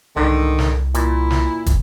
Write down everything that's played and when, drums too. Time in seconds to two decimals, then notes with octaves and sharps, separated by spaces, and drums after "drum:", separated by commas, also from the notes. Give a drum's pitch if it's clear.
0.16 C2 G#2 D3 D#3
0.59 drum: snare
0.94 A#2 E4, drum: hi-hat
1.30 drum: snare
1.66 drum: kick, hi-hat